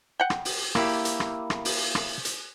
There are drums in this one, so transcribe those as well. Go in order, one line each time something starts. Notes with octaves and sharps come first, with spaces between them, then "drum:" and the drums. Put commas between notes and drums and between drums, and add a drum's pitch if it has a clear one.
F#5 G5
drum: rim click
drum: open hi-hat
A#3 E4 G4, drum: rim click
drum: hi-hat
drum: rim click
drum: rim click
drum: open hi-hat
drum: rim click
drum: hi-hat